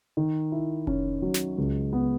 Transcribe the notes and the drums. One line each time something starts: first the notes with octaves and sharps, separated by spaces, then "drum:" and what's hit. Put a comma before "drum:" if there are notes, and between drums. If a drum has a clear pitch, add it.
D#3
E4
C#4, drum: kick F1
F#3
drum: snare
C#2
B3